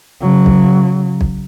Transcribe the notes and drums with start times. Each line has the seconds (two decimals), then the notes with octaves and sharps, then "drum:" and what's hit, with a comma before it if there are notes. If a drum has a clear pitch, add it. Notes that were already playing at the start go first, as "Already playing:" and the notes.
0.21 C#3 F#3
0.46 drum: kick B1
1.21 drum: kick B1